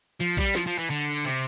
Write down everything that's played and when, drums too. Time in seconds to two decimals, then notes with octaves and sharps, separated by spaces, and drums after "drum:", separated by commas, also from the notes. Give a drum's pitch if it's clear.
0.20 F3, drum: cymbal
0.37 G3, drum: kick A#1
0.55 F3, drum: snare
0.67 F3
0.78 E3
0.90 D3, drum: cymbal
1.25 C3, drum: cymbal